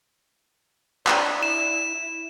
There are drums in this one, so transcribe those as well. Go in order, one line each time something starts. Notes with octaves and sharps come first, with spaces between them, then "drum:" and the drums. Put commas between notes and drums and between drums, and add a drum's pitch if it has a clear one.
D4, drum: clap
E4 E7